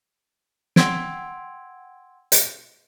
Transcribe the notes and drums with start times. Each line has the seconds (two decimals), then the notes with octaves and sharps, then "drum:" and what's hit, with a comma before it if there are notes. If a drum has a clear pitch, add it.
0.76 F#5 G5 C6 E6 G#6 D7, drum: snare
2.32 drum: hi-hat